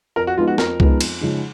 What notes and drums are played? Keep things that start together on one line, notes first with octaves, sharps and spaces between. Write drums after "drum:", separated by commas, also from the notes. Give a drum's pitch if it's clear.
F2 A#4
F#4
F3 G#3 B3 D#4 F4
F#4
F2 A#4, drum: snare
F3 G#3 B3 D#4, drum: kick C2
F2, drum: cymbal
C#3 F3 G#3 D#4